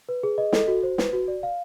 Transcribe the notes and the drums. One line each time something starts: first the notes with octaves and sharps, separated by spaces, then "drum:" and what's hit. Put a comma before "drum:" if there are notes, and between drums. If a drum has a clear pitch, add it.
B4
G#4
D#5
A4, drum: snare
F#4
C5
B4, drum: snare
F#4
D5
F5